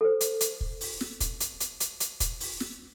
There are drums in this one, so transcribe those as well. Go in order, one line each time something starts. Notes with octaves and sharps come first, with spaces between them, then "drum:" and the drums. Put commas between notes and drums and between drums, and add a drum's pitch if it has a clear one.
A4 C5
drum: hi-hat
drum: hi-hat
drum: kick
drum: open hi-hat
drum: snare
drum: kick, hi-hat
drum: hi-hat
drum: hi-hat
drum: hi-hat
drum: hi-hat
drum: kick, hi-hat
drum: open hi-hat
drum: snare